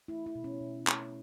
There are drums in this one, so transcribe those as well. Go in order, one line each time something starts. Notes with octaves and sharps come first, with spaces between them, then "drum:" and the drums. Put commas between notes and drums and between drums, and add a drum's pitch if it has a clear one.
A3 E4
E4
B2
C#4
B2
A3, drum: clap